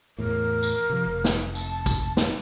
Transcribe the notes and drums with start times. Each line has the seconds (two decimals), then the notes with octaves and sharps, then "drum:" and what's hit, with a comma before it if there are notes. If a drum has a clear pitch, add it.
0.18 E2 A2 A#4
0.63 drum: tambourine
0.90 C3 F3
1.06 F1
1.24 drum: snare
1.55 A5, drum: tambourine
1.86 drum: kick, tambourine
2.17 drum: snare